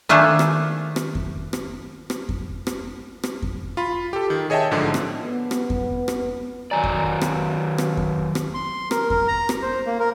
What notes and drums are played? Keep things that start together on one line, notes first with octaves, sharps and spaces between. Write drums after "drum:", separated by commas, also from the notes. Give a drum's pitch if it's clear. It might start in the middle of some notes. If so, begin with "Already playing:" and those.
D#3 A3 D4 F4 G#4 C5
drum: rim click
drum: rim click
drum: kick F2
drum: rim click
drum: rim click
drum: kick F2
drum: rim click
drum: rim click
drum: kick F2
F4 B5
G4 A4
D#3
G#4 C#5 D#5 E5 G5 A5
A1 G#2 D3 F3
drum: rim click
B3
drum: rim click
drum: kick F2
drum: rim click
D#3 F#3 D5 G#5 A#5
drum: kick F2
drum: rim click
drum: rim click
drum: kick F2
drum: rim click
C6
A#4, drum: rim click
A#4, drum: kick F2
A#5
drum: rim click
C5
A#3
A#4